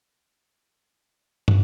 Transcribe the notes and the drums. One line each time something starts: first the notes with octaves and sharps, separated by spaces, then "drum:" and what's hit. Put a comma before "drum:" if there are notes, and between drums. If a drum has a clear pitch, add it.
F#2
A2
F#2
F2
drum: tom